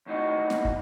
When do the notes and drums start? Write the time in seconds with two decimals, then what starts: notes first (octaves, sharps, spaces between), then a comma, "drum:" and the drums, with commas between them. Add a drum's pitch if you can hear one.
0.06 D#2 A2 D#4 F#4
0.50 drum: snare
0.65 drum: kick